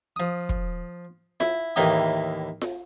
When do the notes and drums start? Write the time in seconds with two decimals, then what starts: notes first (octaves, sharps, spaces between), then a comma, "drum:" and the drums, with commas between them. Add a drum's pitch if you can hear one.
0.16 F3 D#6
0.49 drum: kick
1.40 E4, drum: snare F4
1.76 D#2 A2 E3 A#3 G5 D#6
2.61 drum: snare F4